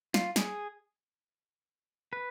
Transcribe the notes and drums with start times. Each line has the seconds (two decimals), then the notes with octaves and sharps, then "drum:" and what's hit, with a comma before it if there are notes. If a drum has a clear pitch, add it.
0.14 F4, drum: snare
0.36 G#4, drum: snare
2.13 B4